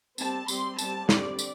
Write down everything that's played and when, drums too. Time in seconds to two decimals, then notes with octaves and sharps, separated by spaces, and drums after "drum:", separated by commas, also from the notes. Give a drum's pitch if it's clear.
0.18 G3 C4 A5, drum: tambourine
0.48 G3 C4 C6, drum: tambourine
0.78 G3 C4 A5, drum: tambourine
1.09 D3 G3 C4 D5, drum: snare
1.39 drum: tambourine